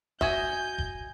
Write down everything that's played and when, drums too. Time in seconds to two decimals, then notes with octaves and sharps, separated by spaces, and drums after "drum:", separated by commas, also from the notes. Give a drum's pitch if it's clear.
0.21 F#4 D#5 E5 G#5 G6, drum: kick F1
0.78 drum: kick F1